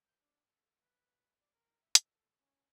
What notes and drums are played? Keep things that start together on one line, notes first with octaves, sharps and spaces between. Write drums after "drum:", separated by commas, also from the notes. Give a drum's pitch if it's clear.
G6
D4
A4
B4
D5
A#4
E5
E6, drum: hi-hat
A4
C#4